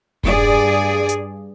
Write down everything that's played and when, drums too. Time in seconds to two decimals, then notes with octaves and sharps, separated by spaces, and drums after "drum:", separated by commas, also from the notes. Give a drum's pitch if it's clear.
0.24 G2 G#4 D5, drum: kick E1
1.09 drum: hi-hat